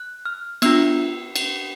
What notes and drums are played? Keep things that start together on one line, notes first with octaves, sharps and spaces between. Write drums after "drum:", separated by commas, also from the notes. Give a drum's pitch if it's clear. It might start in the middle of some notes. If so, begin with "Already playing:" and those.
Already playing: F#6
F6
B3 D4 F4 E6, drum: cymbal
drum: cymbal